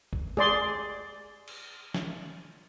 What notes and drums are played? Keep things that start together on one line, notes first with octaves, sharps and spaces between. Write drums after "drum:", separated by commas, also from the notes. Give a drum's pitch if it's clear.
drum: kick
G#4 D5 C6, drum: tom G#3
drum: cymbal
drum: snare